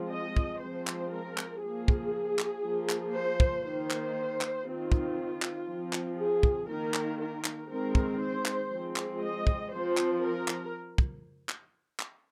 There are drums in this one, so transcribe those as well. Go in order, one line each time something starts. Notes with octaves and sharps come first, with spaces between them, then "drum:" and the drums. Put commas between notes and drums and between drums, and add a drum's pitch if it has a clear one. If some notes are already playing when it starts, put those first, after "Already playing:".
Already playing: F3 G#3 C4
D#5
drum: kick
F3 G#3 C4 C5
drum: clap
A#4
drum: clap
F3 A#3 G#4
drum: kick
drum: clap
F3 A#3
drum: clap
C5
drum: kick
D#3 A#3 C5
drum: clap
drum: clap
D#3 C4 F4
drum: kick
drum: clap
F3 C4
drum: clap
G#4
drum: kick
D#3 A#3 A#4
drum: clap
A#4
drum: clap
D#3 G#3 C4 A#4
drum: kick
C5
drum: clap
F3 G#3 C4
drum: clap
D#5
drum: kick
F3 C4 C5
drum: clap
A#4
drum: clap
drum: kick
drum: clap
drum: clap